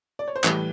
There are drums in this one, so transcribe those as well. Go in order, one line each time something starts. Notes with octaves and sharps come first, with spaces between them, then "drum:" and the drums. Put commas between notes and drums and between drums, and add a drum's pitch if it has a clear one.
D5
C#5
C5
A2 E3 G3 B4, drum: clap